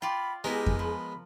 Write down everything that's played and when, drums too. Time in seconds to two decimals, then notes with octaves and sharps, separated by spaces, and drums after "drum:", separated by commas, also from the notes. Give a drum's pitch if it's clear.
0.02 F4 D5 G5 B5
0.44 G#3 B3 E4 G4 G#4 A#4
0.66 drum: kick F2
0.79 F3 B5